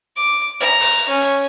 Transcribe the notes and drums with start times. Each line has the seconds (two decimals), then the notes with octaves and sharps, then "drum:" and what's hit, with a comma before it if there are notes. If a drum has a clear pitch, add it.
0.16 D6
0.60 A#5
0.80 drum: open hi-hat
1.08 C#4
1.21 drum: hi-hat